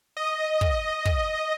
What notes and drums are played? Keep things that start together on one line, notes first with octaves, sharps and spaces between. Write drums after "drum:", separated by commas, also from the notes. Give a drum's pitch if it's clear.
D#5
drum: kick
drum: kick